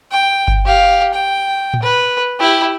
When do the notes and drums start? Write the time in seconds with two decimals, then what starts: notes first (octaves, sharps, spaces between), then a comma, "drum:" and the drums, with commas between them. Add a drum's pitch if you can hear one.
0.12 G5
0.48 drum: kick G1
0.66 G4 F5
1.14 G5
1.74 drum: tom A2
1.83 B4
2.40 E4 G4